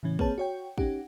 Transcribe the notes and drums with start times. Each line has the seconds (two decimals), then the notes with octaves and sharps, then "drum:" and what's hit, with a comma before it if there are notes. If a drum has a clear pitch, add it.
0.03 A2 C#3 E3 C#4
0.19 A#3 C4 G#4 B4 C#5 A5, drum: kick
0.38 F#4 C#5 G5
0.78 C#4 D#4 G4 F#5, drum: kick